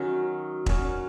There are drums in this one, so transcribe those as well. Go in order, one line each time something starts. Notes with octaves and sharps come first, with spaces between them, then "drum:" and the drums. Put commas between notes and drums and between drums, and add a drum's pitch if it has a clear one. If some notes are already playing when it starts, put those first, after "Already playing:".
Already playing: D#3 F#3 C#4 F#4
D#3 F#3 C#4 F#4, drum: kick E1